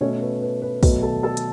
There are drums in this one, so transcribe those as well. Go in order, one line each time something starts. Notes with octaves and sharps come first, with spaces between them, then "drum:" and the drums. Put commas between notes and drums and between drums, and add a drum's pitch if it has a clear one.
B2 A3 C#4 C#5
B4
B4
B4
B2 F#3 A3 B4, drum: kick, open hi-hat
A4 A5
A4 A5
drum: hi-hat